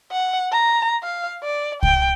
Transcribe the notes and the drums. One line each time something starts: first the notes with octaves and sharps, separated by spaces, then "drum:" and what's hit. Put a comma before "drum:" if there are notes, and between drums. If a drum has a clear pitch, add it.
F#5
A#5
F5
D5
G5, drum: kick C2